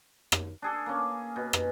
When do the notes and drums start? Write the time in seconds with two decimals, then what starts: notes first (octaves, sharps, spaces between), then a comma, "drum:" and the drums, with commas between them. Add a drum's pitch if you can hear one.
0.32 drum: rim click
0.62 D4 G#4 A4
0.86 A#3 C#4
1.36 B2
1.53 drum: rim click